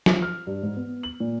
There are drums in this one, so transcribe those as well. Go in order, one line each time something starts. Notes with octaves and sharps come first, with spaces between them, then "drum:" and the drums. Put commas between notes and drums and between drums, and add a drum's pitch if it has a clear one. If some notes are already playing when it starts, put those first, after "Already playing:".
F3, drum: snare
F6
G2
G#2
B3
F#7
A#2